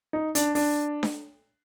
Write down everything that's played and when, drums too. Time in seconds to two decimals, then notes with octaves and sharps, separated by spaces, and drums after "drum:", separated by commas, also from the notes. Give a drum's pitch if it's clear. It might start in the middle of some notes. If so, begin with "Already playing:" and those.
0.13 D#4
0.35 D4, drum: hi-hat
0.55 D4, drum: open hi-hat
1.03 drum: snare D4